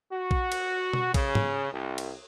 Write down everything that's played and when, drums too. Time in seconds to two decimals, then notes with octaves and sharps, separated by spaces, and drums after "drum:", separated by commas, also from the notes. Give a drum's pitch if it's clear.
0.12 F#4
0.31 drum: kick A#1
0.52 drum: cymbal
0.93 drum: tom B2
1.14 C#3, drum: kick A#1, cymbal
1.35 drum: tom G#2
1.73 C2
1.98 drum: cymbal